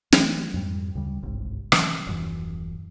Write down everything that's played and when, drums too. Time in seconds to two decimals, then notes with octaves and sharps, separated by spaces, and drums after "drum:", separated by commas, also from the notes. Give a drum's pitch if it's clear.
0.12 E3 F#3 A3, drum: snare
0.54 F2 G#2 G3
0.95 D2 C#3 G3
1.23 G1 C2 G#2
1.72 C3 E3 F#3 C#4, drum: rim click
2.07 D#1 F#2 E3